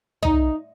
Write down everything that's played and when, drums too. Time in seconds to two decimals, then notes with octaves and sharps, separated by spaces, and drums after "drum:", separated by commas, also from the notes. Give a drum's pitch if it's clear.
0.23 D#4, drum: tom C2